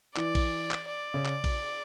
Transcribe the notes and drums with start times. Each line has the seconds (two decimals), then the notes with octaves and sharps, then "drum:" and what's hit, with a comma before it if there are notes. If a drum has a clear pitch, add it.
0.17 E3 D5, drum: clap
0.35 drum: kick A#1, cymbal
0.71 drum: clap
0.89 D5
1.14 C#3
1.26 drum: clap
1.44 drum: kick A#1, cymbal